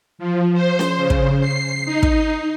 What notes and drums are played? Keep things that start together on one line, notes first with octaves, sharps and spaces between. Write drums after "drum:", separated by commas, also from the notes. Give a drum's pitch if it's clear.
F3
C5
drum: snare C#4
C#3
drum: kick
C7
D#4
drum: kick